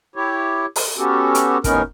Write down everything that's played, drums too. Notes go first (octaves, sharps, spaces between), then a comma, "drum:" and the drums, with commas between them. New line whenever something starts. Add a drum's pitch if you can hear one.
E4 G4 C#5
drum: open hi-hat
B3 C#4 F#4 G4 A4
drum: hi-hat
D#2 A2 B3 C#4 D#4 A#4, drum: kick, hi-hat